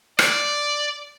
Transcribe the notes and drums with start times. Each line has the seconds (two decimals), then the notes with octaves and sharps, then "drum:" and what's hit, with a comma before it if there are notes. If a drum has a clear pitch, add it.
0.19 D5, drum: rim click